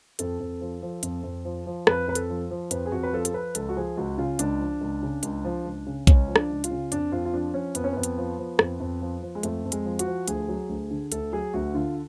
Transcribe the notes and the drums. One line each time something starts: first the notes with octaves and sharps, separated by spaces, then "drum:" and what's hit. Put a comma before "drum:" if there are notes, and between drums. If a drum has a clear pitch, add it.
F2 A4, drum: hi-hat
F2
F3
F3
F2, drum: hi-hat
F2
F3
F3
F2 B4, drum: rim click
F2 B4
A4, drum: hi-hat
F3
F3
F2 B4, drum: hi-hat
G#4
F2 F#4
B4
F3 A4
A4, drum: hi-hat
F3 B4
C#2 A4, drum: hi-hat
F#4
F3 G#4
C#2 F#4
C#3 F4
C#2 D4, drum: hi-hat
F3
C#2
C#3
C#2, drum: hi-hat
F3
C#2
C#3
C#2 C#4, drum: kick, hi-hat
F3
D4, drum: rim click
C#2
F4, drum: hi-hat
C#3
F2 D4, drum: hi-hat
F2 F4
F4
F3 D4
F3 C#4
F2 B3, drum: hi-hat
C#4
F2 B3
drum: hi-hat
F3
F3
F2, drum: rim click
F2
F3
F3
G#3
F2 A3, drum: hi-hat
F2
G#3, drum: hi-hat
F3
F#4, drum: hi-hat
F3
D2 G#4, drum: hi-hat
F#3
D2
D3
D2 A4, drum: hi-hat
F#3 G#4
D2 F#4
D3 F4